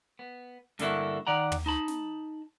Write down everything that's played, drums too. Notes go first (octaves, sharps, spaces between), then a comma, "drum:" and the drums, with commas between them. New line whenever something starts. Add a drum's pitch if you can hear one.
B3
G2 D3 A#3 E4 F#4, drum: snare
D#3 D5 F#5 A#5
drum: tom
D#4 A5 B5
drum: snare